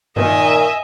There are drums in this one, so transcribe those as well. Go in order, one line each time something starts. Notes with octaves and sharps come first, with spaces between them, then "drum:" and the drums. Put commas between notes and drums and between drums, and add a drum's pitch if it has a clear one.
A#2 D#3 D#5 E5 G#5, drum: tom G2